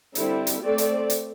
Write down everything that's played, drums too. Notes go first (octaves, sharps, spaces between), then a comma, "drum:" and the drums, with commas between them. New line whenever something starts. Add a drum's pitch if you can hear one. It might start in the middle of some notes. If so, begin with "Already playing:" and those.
D3 G3 C4 E4, drum: hi-hat
drum: hi-hat
A3 C4 A4 D5
drum: hi-hat
drum: hi-hat